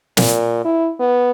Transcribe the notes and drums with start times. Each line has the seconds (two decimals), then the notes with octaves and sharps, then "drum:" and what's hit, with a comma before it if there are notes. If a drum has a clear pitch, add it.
0.17 A#2, drum: snare
0.65 E4
1.00 B3